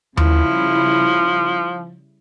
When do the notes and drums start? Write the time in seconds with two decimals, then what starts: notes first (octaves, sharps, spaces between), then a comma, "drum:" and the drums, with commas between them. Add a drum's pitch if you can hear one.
0.17 C#3 F3 G3 E4, drum: tom D#2